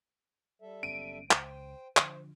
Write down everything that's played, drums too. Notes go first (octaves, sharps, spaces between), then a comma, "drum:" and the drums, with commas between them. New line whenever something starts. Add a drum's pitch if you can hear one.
G3 A4 E5
F#1 B3 C#4 D7 D#7
C#2 C5 G5, drum: clap
D3 F3 C5, drum: clap